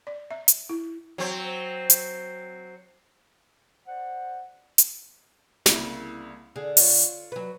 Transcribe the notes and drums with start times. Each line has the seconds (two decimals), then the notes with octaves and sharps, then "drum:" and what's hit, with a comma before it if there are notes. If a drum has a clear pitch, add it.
0.07 D5
0.31 E5
0.48 drum: hi-hat
0.69 E4
1.18 F#3 C4
1.90 drum: hi-hat
3.87 C5 D5 F#5
4.78 drum: hi-hat
5.66 C2 C#3 A#3 E4, drum: snare
6.56 D3 G#4
6.77 F4 C#5, drum: open hi-hat
7.32 F#3 B4